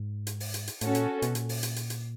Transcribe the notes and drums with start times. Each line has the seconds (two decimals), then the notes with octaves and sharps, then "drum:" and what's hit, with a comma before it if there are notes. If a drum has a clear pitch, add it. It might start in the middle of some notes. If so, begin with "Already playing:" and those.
Already playing: G#2
0.27 drum: hi-hat
0.40 drum: open hi-hat
0.54 drum: hi-hat
0.67 drum: hi-hat
0.81 A2 C#4 F#4 A4, drum: hi-hat
0.95 A#2, drum: hi-hat
1.22 B2, drum: hi-hat
1.35 A#2, drum: hi-hat
1.49 drum: open hi-hat
1.63 drum: hi-hat
1.76 drum: hi-hat
1.90 drum: hi-hat